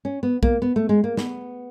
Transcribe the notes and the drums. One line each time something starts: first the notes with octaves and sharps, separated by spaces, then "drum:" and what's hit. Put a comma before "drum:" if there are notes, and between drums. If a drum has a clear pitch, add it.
C#4
B3
A#3, drum: kick B1
B3
A3
G#3
A#3
B3, drum: snare